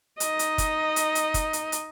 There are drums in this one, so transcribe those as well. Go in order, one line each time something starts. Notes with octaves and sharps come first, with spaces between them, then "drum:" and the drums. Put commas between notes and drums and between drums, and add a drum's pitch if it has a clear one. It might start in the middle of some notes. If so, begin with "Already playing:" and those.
D#4 D#5, drum: hi-hat
drum: hi-hat
drum: kick, hi-hat
drum: hi-hat
drum: hi-hat
drum: kick, hi-hat
drum: hi-hat
drum: hi-hat